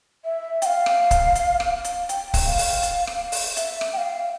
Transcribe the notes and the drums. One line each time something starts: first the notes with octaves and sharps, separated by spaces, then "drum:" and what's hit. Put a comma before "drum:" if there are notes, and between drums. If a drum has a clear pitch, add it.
E5
G5, drum: hi-hat
F5
drum: rim click
drum: kick C#1, hi-hat
drum: hi-hat
drum: rim click
drum: hi-hat
G5, drum: hi-hat
drum: kick C#1, open hi-hat
F5
drum: open hi-hat
drum: hi-hat
drum: rim click
drum: open hi-hat
E5, drum: hi-hat
drum: rim click
G5
F5